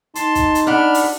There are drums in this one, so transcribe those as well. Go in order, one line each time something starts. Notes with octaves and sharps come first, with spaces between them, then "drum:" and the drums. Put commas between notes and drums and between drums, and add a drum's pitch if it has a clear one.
D#4 A5 C6, drum: hi-hat
drum: kick, hi-hat
drum: hi-hat
D4 F#5 B5 F6
drum: open hi-hat